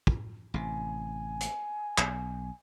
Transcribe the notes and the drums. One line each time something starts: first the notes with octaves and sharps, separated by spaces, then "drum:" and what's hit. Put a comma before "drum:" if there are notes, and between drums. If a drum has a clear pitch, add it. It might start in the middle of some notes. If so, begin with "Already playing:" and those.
drum: kick
A1 C3 G#5
drum: hi-hat
B1, drum: clap